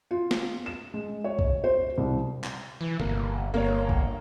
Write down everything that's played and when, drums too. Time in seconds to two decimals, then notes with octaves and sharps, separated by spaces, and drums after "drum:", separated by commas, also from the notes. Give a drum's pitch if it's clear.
0.11 F4
0.31 drum: snare
0.66 E7
0.94 G#3
1.24 C#5
1.39 drum: kick
1.64 C5
1.97 C2
2.44 drum: clap
2.81 E3
3.00 G1 A#3, drum: tom C3
3.54 G1 A#3 C#5
3.89 drum: kick